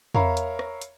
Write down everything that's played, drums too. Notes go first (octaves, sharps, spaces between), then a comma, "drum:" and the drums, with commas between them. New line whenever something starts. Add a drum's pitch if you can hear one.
A#4 C#5 E5 F5 A#5 B5, drum: tom
drum: hi-hat
drum: rim click
drum: hi-hat